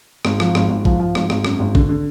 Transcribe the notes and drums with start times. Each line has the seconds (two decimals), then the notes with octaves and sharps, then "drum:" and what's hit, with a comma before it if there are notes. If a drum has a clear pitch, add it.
0.25 G#1, drum: rim click
0.40 F3, drum: rim click
0.55 G#1, drum: rim click
0.70 G#1
0.85 F3, drum: kick A1
0.99 F3
1.15 G#1, drum: rim click
1.30 G#1, drum: rim click
1.45 F#2, drum: rim click
1.59 G#1
1.75 D3, drum: kick A1
1.89 D3